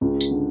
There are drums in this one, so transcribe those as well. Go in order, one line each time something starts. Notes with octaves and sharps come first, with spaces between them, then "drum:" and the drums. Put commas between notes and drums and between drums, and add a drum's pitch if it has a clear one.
C#2 C#3
drum: tambourine
D3